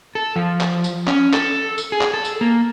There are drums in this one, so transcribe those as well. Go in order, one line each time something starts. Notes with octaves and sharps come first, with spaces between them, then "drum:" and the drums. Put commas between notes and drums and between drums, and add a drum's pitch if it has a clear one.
A4
F3
drum: clap
drum: tambourine
C#4, drum: clap
A4, drum: clap
drum: tambourine
G#4
drum: clap
A4
drum: tambourine
A#3